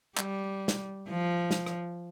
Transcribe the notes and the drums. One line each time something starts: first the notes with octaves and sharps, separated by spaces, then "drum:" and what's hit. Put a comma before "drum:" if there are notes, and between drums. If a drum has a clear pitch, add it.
G3, drum: clap
drum: snare
F3
drum: snare
drum: rim click